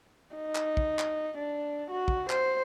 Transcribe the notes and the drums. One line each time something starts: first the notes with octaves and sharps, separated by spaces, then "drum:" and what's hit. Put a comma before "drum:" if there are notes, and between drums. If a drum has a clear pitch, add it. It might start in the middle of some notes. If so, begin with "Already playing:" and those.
D#4
drum: clap
drum: kick
drum: clap
D4
F#4
drum: kick
C5, drum: clap